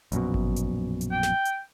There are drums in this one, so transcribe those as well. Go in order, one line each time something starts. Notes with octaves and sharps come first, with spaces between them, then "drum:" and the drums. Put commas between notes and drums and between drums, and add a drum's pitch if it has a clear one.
A#1 F#2 B2, drum: hi-hat
drum: kick G#1
drum: hi-hat
drum: hi-hat
G5
drum: snare
drum: hi-hat